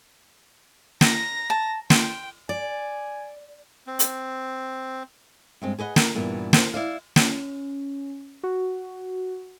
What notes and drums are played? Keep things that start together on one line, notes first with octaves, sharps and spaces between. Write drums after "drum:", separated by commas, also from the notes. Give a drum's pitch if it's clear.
A#5 A#6, drum: snare
A5
G5 C6, drum: snare
D5 G#5
C4
drum: hi-hat
G2 G#3 C4
G#4 B4 D#5 F#5
A#4, drum: snare
G2 A#2 E3 B3
A#3 C5, drum: snare
E4 D5 F5
C#4, drum: snare
F#4